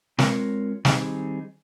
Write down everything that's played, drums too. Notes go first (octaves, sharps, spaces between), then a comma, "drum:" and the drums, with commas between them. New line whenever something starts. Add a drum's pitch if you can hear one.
G#3 C4 F4 A#4 C#5, drum: snare
D#3 G3 C4 D#4 G#4, drum: snare